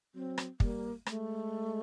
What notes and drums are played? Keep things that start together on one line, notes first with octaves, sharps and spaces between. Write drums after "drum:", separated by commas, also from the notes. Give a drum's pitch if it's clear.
F#3 C4
drum: rim click
G3 A#3, drum: kick
G#3 A3, drum: rim click